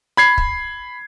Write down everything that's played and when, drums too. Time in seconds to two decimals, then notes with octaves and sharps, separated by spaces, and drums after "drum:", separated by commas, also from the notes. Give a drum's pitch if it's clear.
0.17 B5 G#6 C7
0.38 drum: kick